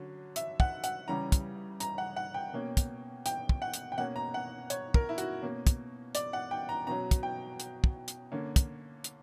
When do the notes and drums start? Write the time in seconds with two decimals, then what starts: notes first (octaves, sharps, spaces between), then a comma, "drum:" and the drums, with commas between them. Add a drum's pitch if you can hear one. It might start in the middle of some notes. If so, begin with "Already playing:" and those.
Already playing: D3 F#3 C#4
0.36 E5, drum: hi-hat
0.60 F#5, drum: kick
0.84 F#5, drum: hi-hat
1.08 C#3 E3 G3 C#4 A#5
1.32 drum: kick, hi-hat
1.80 A#5, drum: hi-hat
1.98 F#5
2.16 F#5
2.34 G5
2.53 B2 A#3 C#4
2.77 drum: kick, hi-hat
3.26 G5, drum: hi-hat
3.49 drum: kick
3.62 F#5
3.74 drum: hi-hat
3.92 G5
3.98 B2 A#3 C#4 F#5
4.16 A#5
4.34 F#5
4.70 C#5, drum: hi-hat
4.94 A#4, drum: kick
5.09 E4
5.18 F#4, drum: hi-hat
5.42 B2 A#3 C#4
5.67 drum: kick, hi-hat
6.15 D5, drum: hi-hat
6.33 F#5
6.51 G5
6.69 A#5
6.87 B2 F#3 C#4 A#5
7.11 drum: kick, hi-hat
7.23 G5
7.60 drum: hi-hat
7.84 drum: kick
8.08 drum: hi-hat
8.32 D3 A#3 C#4
8.56 drum: kick, hi-hat
9.04 drum: hi-hat